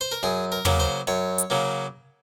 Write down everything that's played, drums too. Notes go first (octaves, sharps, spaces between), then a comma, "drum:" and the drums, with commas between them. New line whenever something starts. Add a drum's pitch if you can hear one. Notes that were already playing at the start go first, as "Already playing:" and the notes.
C5
A#4
F#2 G#4
A#4
C#3 F#3 A#3, drum: tom
C5
F#2 C#5
drum: hi-hat
C#3 F#3 A#3